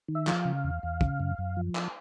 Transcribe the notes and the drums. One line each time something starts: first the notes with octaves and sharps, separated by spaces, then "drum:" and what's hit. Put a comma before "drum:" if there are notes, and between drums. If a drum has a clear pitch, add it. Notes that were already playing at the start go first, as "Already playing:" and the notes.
D#3
E5
F3 F5, drum: clap
C#3
E2
E2
C#3, drum: kick
F#2
F#2
F3
drum: clap